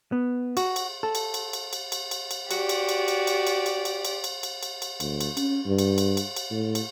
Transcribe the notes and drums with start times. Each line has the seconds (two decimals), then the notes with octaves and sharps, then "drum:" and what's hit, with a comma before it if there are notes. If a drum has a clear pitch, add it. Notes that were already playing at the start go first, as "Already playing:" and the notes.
0.12 B3
0.57 F#4, drum: cymbal
0.76 drum: cymbal
1.03 A4
1.15 drum: cymbal
1.34 drum: cymbal
1.53 drum: cymbal
1.73 drum: cymbal
1.92 drum: cymbal
2.11 drum: cymbal
2.31 drum: cymbal
2.51 F#4 G4 D5, drum: cymbal
2.69 drum: cymbal
2.89 drum: cymbal
3.08 drum: cymbal
3.27 drum: cymbal
3.47 drum: cymbal
3.66 drum: cymbal
3.85 drum: cymbal
4.05 drum: cymbal
4.24 drum: cymbal
4.43 drum: cymbal
4.63 drum: cymbal
4.82 drum: cymbal
5.00 D2, drum: cymbal
5.21 drum: cymbal
5.37 C#4, drum: cymbal
5.66 G2
5.79 drum: cymbal
5.98 drum: cymbal
6.17 drum: cymbal
6.36 drum: cymbal
6.51 A2
6.75 drum: cymbal